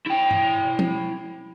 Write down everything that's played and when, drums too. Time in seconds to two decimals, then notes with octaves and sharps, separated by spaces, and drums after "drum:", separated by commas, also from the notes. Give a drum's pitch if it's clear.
0.07 E4 G5
0.31 drum: tom G2
0.79 drum: tom